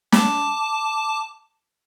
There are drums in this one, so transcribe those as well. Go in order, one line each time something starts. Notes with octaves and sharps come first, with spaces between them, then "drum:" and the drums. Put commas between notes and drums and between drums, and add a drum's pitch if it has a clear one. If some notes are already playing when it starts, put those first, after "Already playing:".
A5 D6, drum: snare